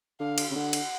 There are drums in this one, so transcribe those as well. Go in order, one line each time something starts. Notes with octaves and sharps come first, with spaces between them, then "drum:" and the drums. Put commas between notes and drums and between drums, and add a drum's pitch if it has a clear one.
D3 F5
drum: cymbal
C#3
D3 F#5
drum: cymbal